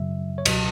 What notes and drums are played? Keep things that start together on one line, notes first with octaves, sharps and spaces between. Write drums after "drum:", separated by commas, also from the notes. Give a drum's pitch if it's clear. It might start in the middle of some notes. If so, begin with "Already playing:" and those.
Already playing: F#2 C#3 F#3 E5
C#5
C#2 B2 F#3 D#5, drum: cymbal